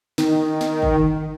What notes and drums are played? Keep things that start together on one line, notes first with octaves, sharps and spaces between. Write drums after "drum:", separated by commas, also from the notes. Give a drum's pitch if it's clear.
D#3, drum: snare
drum: snare
drum: kick